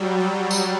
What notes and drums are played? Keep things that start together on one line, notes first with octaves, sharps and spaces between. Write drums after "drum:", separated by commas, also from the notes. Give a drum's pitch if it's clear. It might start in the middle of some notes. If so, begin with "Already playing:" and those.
Already playing: F#3 G3
F#3
drum: tambourine